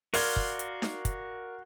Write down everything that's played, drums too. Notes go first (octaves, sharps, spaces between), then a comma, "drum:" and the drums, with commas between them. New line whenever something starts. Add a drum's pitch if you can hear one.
F#4 A#4 D5 F5 C6 G#6, drum: open hi-hat
drum: kick
drum: hi-hat
drum: snare D#4
drum: kick, hi-hat